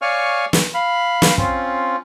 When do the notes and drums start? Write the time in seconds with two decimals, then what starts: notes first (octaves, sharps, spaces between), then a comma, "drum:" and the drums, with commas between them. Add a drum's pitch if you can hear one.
0.02 C#5 D5 F5 G#5 C#6 F6
0.53 drum: snare
0.74 F5 B5
1.22 drum: snare
1.38 C4 C#4 F4, drum: kick